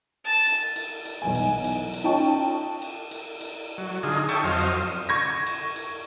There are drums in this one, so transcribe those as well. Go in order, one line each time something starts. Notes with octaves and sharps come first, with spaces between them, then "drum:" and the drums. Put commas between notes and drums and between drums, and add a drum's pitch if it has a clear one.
A5
drum: cymbal
drum: cymbal
drum: cymbal
B1 E3 G#5
drum: cymbal
drum: cymbal
drum: cymbal
C#4 D#4 F4 G5 A5 C#6
drum: cymbal
drum: cymbal
drum: cymbal
F#3
D3 D#4 F4 G#4
C#5 E5 G5 A5 C#6, drum: cymbal
F2 F#3 C5 D#5 F5
drum: cymbal
C#6 G#6 A#6
drum: cymbal
drum: cymbal